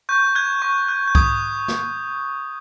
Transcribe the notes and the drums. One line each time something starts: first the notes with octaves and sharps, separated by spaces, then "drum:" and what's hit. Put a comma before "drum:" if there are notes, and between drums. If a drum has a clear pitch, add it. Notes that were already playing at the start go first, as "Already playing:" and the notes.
C#6 G6
F#6 G#6
C#6
F#6
G6
D#6 G#6, drum: kick C2
drum: snare